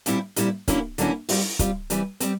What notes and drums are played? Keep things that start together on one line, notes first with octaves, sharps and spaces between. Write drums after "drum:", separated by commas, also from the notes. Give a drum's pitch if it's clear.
A#2 G3 C4 E4, drum: hi-hat
A#2 G3 C4 E4, drum: hi-hat
D3 F#3 A#3 C#4 E4, drum: kick, hi-hat
D3 F#3 A#3 C#4 E4, drum: hi-hat
G3 C4 F4, drum: open hi-hat
G3 C4 F4, drum: kick, hi-hat
E3 G3 C4, drum: hi-hat
G3 C4, drum: hi-hat